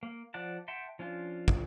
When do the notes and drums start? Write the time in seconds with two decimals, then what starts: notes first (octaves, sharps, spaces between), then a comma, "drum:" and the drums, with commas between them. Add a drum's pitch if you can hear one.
0.03 A#3
0.34 F3 D5 F#5 A5
0.68 E5 F#5 G5 A5 C6
0.99 F3 C#4 D4 F4
1.48 drum: kick